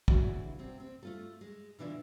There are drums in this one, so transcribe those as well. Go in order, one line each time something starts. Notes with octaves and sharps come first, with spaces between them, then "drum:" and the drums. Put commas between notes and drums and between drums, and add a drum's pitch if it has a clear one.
C#3 E3 D4 E4 F#4 G#4, drum: kick
C3 C4
C4
A3 F4 A4
G#3
B2 D3 E3 D4 E4 F4